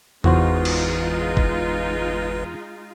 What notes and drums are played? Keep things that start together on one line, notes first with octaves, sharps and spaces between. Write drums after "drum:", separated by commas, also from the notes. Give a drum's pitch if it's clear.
G1 E2 G#3 D#4 F4 F#4 B4 C5, drum: tom E2
drum: cymbal
drum: kick G1